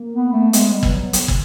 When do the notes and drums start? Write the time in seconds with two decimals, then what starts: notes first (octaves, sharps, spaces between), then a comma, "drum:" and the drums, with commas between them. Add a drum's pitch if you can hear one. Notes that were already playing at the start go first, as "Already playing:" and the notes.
Already playing: A#3
0.13 B3
0.33 A3
0.53 G#3 B3, drum: hi-hat
0.73 G3
0.83 B3, drum: kick
0.93 F#3
1.13 drum: hi-hat
1.28 drum: kick